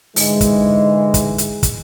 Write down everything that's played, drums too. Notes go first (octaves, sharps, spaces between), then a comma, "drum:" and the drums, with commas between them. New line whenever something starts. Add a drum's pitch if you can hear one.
G#2 D3 E3 G#3, drum: open hi-hat
drum: kick, hi-hat
drum: kick, hi-hat
drum: hi-hat
drum: kick, hi-hat